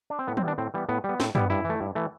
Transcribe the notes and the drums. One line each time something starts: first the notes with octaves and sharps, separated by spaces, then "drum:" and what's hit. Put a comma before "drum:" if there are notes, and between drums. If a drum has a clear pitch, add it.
D4
C4
A2 B3
C4, drum: tom
E3 G3 B3 D4
A2 C4
E3 G3 B3
A2 B3
G3 B3
A2 C4, drum: snare
G3 B3 E4, drum: tom
G2 E4
E3
A3
G2
E3 A3